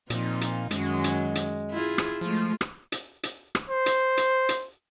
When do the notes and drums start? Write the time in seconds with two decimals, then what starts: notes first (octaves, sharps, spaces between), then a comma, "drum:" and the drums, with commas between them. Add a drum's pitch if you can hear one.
0.10 A#2 F3 C4 D#4, drum: hi-hat
0.41 drum: hi-hat
0.71 F#2 D#3 F#3 G#3, drum: hi-hat
1.04 drum: hi-hat
1.35 drum: hi-hat
1.70 E4 F4 G#4
1.98 drum: rim click
2.21 F3 G#3 A3 F4
2.61 drum: rim click
2.92 drum: hi-hat
3.23 drum: hi-hat
3.55 drum: rim click
3.70 C5
3.86 drum: hi-hat
4.17 drum: hi-hat
4.49 drum: hi-hat